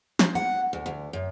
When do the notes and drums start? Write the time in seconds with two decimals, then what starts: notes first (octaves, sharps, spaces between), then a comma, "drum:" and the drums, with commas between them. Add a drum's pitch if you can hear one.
0.19 C5, drum: snare
0.35 F#5
0.73 D2
0.86 D2
1.13 F#2